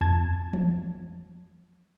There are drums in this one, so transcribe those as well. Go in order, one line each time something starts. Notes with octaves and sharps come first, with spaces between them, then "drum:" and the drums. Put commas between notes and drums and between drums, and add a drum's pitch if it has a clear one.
F2 A5 G#6
drum: tom E3